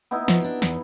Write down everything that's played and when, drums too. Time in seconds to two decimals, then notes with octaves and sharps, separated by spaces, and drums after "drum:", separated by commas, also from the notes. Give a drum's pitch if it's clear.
0.11 B3 D#4 E4
0.28 F3, drum: snare
0.41 D4 G4
0.62 E2, drum: snare